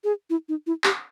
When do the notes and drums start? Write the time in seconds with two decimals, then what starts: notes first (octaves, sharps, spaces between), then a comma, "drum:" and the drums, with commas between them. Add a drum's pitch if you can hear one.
0.04 G#4
0.30 E4
0.49 D#4
0.67 E4
0.84 G4, drum: clap